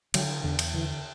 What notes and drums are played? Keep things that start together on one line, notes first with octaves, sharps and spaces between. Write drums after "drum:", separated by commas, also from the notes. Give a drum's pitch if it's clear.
D3 F#3, drum: cymbal
E2 D3
drum: cymbal
D3 E3